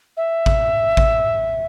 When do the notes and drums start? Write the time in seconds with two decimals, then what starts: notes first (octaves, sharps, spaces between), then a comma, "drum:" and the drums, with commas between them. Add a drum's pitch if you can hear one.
0.17 E5
0.46 drum: kick A1
0.97 drum: kick A1